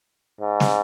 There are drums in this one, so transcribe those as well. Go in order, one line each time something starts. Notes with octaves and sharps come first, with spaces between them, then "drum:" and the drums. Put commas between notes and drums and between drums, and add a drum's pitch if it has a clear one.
G#2
drum: snare